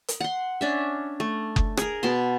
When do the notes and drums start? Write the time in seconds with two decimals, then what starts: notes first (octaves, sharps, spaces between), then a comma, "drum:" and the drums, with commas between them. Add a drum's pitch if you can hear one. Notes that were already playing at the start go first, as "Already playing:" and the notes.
0.08 drum: hi-hat
0.20 F#5 C6
0.61 C#4 D4 E5
1.20 A3
1.56 drum: kick F#1
1.77 G#4 A#4, drum: rim click
2.03 B2 B3 A5 C6